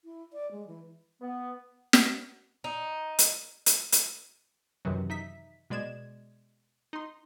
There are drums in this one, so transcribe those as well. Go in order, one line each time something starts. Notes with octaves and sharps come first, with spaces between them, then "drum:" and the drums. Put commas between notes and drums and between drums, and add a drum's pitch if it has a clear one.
E4
D5
G#3
E3
B3
drum: snare
D#4
drum: hi-hat
drum: hi-hat
drum: hi-hat
F#2 C3 D#3 E3 F#3
D#4 E5 B6
B2 G#3 D5 G#6 E7
D#4 C6